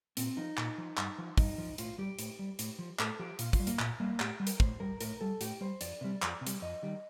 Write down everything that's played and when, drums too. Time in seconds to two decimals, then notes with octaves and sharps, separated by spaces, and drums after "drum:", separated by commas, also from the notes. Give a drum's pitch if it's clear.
0.17 A#2 C4, drum: hi-hat
0.37 F3 D#4
0.57 A#2, drum: clap
0.78 F3
0.97 G2, drum: clap
1.18 F3
1.38 G2 D#4, drum: kick, open hi-hat
1.58 F3
1.78 A2 F4, drum: hi-hat
1.98 G3 G4
2.19 A2, drum: hi-hat
2.39 G3
2.59 A2, drum: hi-hat
2.79 F3
2.99 A2 A4, drum: clap
3.19 F3 G4
3.39 A#2 F4, drum: hi-hat
3.53 F4, drum: kick, open hi-hat
3.60 G3
3.67 A#3, drum: hi-hat
3.79 A#2, drum: clap
4.00 G3 A#3
4.20 A2 G4, drum: clap
4.40 G3
4.47 A#4, drum: hi-hat
4.60 A2 C5, drum: kick
4.80 G3 A#4
5.01 A2 A#4, drum: hi-hat
5.21 G3 A4
5.41 A2 G4, drum: hi-hat
5.61 G3 C5
5.81 F2 D5, drum: hi-hat
6.01 C3 G3
6.22 F2, drum: clap
6.41 C3
6.47 G3, drum: hi-hat
6.62 F2 D#5
6.83 D#3 G3